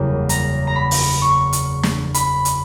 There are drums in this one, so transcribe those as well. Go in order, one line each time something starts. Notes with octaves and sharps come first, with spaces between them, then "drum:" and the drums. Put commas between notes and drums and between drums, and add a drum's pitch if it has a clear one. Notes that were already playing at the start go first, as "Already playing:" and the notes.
Already playing: F#1 E2 C#3 G3 A#3
A#5, drum: hi-hat
A#5
B5
drum: open hi-hat
C#6
drum: hi-hat
drum: snare
B5, drum: hi-hat
drum: hi-hat